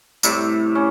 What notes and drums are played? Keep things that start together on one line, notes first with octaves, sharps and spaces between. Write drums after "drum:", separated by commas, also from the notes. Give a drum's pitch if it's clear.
A2 C3 G3, drum: tambourine
C#4